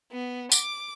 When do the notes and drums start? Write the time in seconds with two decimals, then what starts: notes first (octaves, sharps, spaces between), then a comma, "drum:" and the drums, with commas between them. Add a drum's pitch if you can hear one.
0.12 B3
0.52 D6, drum: tambourine